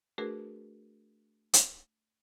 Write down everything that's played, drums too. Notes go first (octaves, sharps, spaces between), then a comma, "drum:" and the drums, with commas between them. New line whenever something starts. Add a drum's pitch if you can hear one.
A3 D4 F#4 G#4 A#4 B4
drum: hi-hat